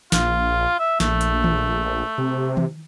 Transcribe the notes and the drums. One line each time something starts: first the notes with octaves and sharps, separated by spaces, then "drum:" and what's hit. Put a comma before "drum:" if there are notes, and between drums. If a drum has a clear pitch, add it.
A#1 F4, drum: snare
E5
A#1 A3, drum: snare
drum: hi-hat
drum: tom D#3
C3
drum: tom D#3